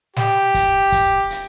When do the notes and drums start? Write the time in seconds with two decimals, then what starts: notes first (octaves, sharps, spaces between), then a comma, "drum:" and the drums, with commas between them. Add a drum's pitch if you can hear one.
0.16 G4, drum: snare
0.54 drum: kick, hi-hat
0.92 drum: kick, hi-hat
1.30 drum: hi-hat